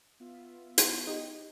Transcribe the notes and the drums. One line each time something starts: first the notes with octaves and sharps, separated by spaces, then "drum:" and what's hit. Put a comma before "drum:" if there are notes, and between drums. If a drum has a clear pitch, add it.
B3 F4 E5
drum: hi-hat
D#4 G4